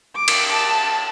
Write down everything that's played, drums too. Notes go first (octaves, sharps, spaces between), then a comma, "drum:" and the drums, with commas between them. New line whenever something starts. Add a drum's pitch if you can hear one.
D6
drum: cymbal
A5